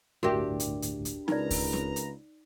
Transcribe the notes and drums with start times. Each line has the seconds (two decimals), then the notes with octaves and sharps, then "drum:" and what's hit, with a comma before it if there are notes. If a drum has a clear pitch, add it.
0.23 G1 D2 A2 D4 F#4 G4 A#4 E5
0.60 drum: hi-hat
0.82 drum: hi-hat
1.05 drum: hi-hat
1.28 C#2 D#4 A#4 B4 D5 A#5, drum: snare
1.50 drum: kick D2, open hi-hat
1.73 drum: snare
1.96 drum: hi-hat